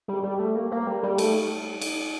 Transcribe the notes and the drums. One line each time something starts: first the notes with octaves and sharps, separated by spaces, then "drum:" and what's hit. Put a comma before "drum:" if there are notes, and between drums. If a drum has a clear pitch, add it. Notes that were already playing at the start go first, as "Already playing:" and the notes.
G3
G3
A3
A#3
A#3
G3
G3
A3, drum: cymbal
drum: cymbal